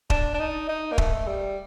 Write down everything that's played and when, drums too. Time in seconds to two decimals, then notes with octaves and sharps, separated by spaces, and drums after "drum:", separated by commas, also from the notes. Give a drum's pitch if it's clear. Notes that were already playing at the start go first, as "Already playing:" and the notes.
0.10 D4, drum: kick D#1
0.34 D4
0.39 D#4
0.69 D#4
0.92 A#3
0.98 A3, drum: kick D#1
1.27 G3